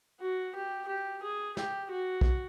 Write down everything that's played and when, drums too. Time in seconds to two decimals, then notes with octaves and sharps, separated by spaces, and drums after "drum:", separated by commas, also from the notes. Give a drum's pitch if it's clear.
0.21 F#4
0.55 G4
0.88 G4
1.23 G#4
1.57 G4, drum: snare
1.91 F#4
2.21 drum: kick